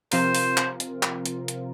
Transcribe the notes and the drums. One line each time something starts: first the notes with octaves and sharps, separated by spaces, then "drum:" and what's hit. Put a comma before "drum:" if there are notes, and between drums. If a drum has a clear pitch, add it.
C3 F3 C4 F4 A#4 C5, drum: open hi-hat
drum: open hi-hat
drum: clap
drum: hi-hat
drum: clap
drum: hi-hat
drum: hi-hat